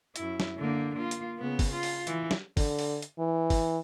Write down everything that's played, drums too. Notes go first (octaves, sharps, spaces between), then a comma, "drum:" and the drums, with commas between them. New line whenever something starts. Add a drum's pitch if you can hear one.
F#2 E4, drum: hi-hat
drum: snare
D3 A#3
A#3 F4
drum: hi-hat
C#3 B3
drum: kick, open hi-hat
F4
drum: open hi-hat
E3, drum: hi-hat
drum: snare
D3, drum: kick, open hi-hat
drum: open hi-hat
drum: hi-hat
E3
drum: kick, open hi-hat